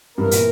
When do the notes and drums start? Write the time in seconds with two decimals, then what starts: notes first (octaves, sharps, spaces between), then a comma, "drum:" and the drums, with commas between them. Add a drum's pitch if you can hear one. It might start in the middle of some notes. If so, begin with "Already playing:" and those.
0.18 G2 E3 B3 E4 A#4
0.31 A#2, drum: hi-hat